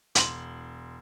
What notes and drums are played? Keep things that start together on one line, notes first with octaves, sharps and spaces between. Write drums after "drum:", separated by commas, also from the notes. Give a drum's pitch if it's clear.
E1 C6 F#7, drum: hi-hat